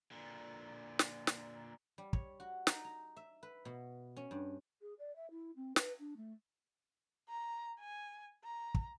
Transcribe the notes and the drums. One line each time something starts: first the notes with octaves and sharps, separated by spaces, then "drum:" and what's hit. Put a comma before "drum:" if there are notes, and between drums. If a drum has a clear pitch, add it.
A#2 D3
drum: snare
drum: snare
G3
C#5, drum: kick
F#4
D#4, drum: snare
A#5
E5
B4
B2
C#4
G2
G#4
D5
E5
E4
C4
B4, drum: snare
D4
A3
A#5
G#5
A#5
drum: kick